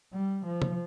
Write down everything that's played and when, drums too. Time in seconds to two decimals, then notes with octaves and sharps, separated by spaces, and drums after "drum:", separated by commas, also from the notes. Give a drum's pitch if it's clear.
0.13 G3
0.46 F3
0.62 drum: tom